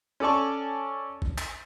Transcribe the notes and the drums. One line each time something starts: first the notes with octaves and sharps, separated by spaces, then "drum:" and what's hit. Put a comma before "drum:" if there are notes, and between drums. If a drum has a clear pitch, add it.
C#4 A4 D5 A5 C#6
drum: kick
drum: clap